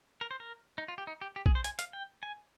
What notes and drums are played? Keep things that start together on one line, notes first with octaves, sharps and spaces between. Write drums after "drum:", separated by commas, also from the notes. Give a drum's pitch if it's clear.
A#4
C5
A#4
D#4
F4
G4
D#4
G4
G4
G#4, drum: kick
C5
G#5, drum: hi-hat
F5, drum: hi-hat
G5
G#5